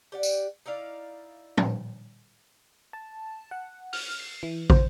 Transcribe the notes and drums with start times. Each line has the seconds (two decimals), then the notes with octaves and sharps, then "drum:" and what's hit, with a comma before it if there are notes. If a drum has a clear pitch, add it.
0.12 G4 D5 F#5
0.23 drum: tambourine
0.66 D#4 E4 D5 F5
1.57 drum: tom
2.93 A5
3.51 F#5
3.93 F6, drum: open hi-hat
4.20 C7
4.43 E3
4.70 C5, drum: kick